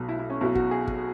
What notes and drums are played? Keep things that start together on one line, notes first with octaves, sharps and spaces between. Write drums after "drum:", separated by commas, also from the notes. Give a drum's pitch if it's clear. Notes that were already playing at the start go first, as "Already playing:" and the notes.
Already playing: B1 B2 F#3
E4
E4
C#4
B1 B2 F#3 E4
F#4, drum: kick
G#4
drum: kick